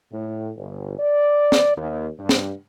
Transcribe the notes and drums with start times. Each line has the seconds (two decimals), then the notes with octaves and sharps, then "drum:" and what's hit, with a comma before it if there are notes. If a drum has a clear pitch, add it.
0.12 A2
0.57 G1
0.99 D5
1.52 drum: snare
1.76 D#2
2.19 G2
2.29 drum: snare